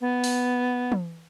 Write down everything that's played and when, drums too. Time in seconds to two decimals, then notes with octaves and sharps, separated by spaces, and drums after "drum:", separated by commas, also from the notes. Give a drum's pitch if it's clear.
0.01 B3
0.24 drum: open hi-hat
0.92 drum: tom